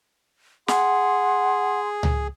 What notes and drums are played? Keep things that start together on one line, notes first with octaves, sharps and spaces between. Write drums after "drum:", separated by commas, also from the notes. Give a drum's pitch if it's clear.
G#4 F#5 C6, drum: snare
drum: tom C#2